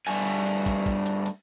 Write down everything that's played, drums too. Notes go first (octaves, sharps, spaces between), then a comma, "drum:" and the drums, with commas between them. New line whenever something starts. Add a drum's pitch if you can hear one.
G2 A3 G#5, drum: hi-hat
drum: hi-hat
drum: hi-hat
drum: kick, hi-hat
drum: kick, hi-hat
drum: hi-hat
drum: hi-hat